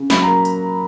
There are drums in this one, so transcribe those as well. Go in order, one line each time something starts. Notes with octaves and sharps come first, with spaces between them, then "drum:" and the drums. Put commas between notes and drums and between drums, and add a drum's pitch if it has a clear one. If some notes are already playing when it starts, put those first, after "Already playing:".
Already playing: C#3
F#3 B5, drum: snare
A#5
A#3
drum: hi-hat